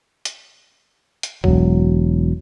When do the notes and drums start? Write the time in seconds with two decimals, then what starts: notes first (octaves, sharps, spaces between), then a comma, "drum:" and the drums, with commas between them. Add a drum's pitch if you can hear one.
0.25 drum: hi-hat
1.23 drum: hi-hat
1.44 E1 F#3, drum: kick